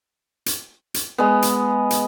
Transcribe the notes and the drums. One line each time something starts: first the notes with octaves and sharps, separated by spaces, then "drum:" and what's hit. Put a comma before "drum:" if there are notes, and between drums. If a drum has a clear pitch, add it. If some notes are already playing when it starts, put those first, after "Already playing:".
drum: hi-hat
drum: hi-hat
G#3 B3
drum: hi-hat
drum: hi-hat